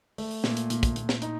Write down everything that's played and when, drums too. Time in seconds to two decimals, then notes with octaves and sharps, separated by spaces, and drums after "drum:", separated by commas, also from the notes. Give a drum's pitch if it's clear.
0.18 A3, drum: open hi-hat
0.31 drum: open hi-hat
0.44 A#2, drum: snare
0.57 drum: hi-hat
0.70 A#2, drum: hi-hat
0.83 drum: kick, hi-hat
0.96 A#2, drum: hi-hat
1.09 drum: snare
1.22 D#4, drum: hi-hat